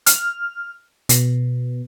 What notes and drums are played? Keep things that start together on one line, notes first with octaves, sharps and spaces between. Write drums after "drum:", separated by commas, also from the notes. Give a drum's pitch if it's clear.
F6, drum: hi-hat
B2, drum: hi-hat